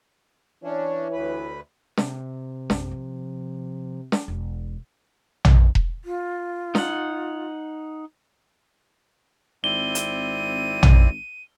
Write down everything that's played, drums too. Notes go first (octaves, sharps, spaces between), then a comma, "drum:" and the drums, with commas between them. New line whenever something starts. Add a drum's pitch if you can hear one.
E3 C#4 D4 E4 C#5
D2 B4
C3, drum: snare
A#1 F#2, drum: snare
F3
drum: snare
E1
drum: tom
drum: kick E1
F4
D#4 F#5, drum: snare
G#1 C4 E4 D5 D#7 G7
drum: hi-hat
drum: tom